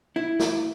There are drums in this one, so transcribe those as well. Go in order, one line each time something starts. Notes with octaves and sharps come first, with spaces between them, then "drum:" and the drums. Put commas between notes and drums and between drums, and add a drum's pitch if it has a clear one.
E4
drum: snare